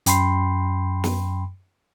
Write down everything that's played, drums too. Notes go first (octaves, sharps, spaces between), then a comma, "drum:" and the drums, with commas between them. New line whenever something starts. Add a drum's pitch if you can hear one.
F#2 G5 B5 C6 C7, drum: hi-hat
drum: snare